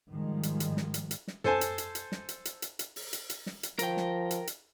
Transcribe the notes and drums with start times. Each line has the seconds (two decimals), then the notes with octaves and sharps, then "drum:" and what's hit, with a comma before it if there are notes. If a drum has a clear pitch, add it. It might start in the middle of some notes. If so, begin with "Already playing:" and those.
0.12 G#2 D#3 F3 G3 G#3
0.43 drum: hi-hat
0.60 drum: hi-hat
0.77 drum: snare
0.94 drum: hi-hat
1.11 drum: hi-hat
1.28 drum: snare
1.44 A4 C5 G#5 A5, drum: tom F#2
1.61 drum: hi-hat
1.78 drum: hi-hat
1.95 drum: hi-hat
2.12 drum: snare
2.29 drum: hi-hat
2.45 drum: hi-hat
2.62 drum: hi-hat
2.79 drum: hi-hat
2.96 drum: open hi-hat
3.13 drum: hi-hat
3.30 drum: hi-hat
3.46 drum: snare
3.63 drum: hi-hat
3.79 F3 A#4 G5, drum: hi-hat
3.97 drum: snare
4.31 drum: hi-hat
4.47 drum: hi-hat